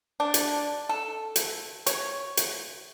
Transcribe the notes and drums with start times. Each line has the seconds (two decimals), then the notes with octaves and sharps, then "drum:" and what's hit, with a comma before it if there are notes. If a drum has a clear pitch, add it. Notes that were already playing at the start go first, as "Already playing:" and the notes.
0.20 D4
0.34 drum: hi-hat
0.89 A4
1.36 drum: hi-hat
1.86 C#5, drum: hi-hat
2.37 drum: hi-hat